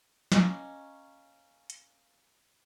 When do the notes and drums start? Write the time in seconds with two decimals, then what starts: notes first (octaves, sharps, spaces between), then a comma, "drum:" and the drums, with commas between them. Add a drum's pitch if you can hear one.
0.32 A#3 C#4 D#5, drum: snare
1.70 drum: hi-hat